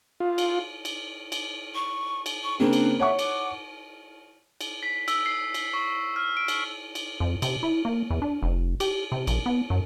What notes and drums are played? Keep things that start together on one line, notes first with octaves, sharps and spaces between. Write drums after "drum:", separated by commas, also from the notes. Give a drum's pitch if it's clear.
F4
drum: cymbal
drum: cymbal
drum: cymbal
C#6
drum: cymbal
C#6
C#3 A#3 C4 D4
drum: cymbal
C#5 E5 F#5 C#6
D6, drum: cymbal
drum: cymbal
B6
E6, drum: cymbal
C7
drum: cymbal
C#6
F6
D7
drum: cymbal
drum: cymbal
F2
C3, drum: cymbal
E4
A#3
E2
D4
F1
G4, drum: cymbal
C3
A#1, drum: cymbal
B3
F#2